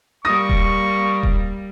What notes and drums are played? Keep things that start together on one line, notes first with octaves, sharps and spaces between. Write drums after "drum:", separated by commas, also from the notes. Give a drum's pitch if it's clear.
G3 A#3 C#6 D#6 A#6
drum: kick D#1
drum: kick D#1